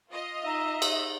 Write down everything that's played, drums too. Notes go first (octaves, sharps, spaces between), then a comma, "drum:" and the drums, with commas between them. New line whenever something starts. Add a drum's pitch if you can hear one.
F4 D#5
D#4 E5 A#5
D#4, drum: cymbal